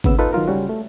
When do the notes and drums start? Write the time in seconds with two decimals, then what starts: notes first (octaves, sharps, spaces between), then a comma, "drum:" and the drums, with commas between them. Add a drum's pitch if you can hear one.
0.04 D#2 C#3 B3 E6, drum: kick G#1
0.19 D#4 F4 A4 B4
0.33 D#3 F#3 F4 A#4
0.48 C#3 G3 C#4 F#4
0.69 A3